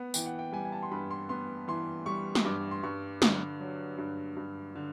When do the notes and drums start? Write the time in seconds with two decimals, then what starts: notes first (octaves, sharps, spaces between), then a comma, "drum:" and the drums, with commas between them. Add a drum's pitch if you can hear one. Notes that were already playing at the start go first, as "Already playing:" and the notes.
Already playing: B3 F#5
0.14 E3 G5, drum: tambourine
0.26 F#5
0.39 G5
0.52 G3 G#5
0.65 G#5
0.72 A5
0.83 C6
0.91 G2 B5
1.11 C6
1.29 B3 C6
1.68 E3 C6
2.06 G3 C#6
2.35 drum: snare
2.45 G2 D6
2.71 C6
2.83 G2 C#6
3.22 D3, drum: snare
3.60 F#3
3.98 G2
4.37 G2
4.75 D3